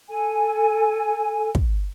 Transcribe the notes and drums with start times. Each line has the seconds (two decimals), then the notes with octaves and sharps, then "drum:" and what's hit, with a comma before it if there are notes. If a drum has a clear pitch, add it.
0.09 A4 G#5
1.55 drum: kick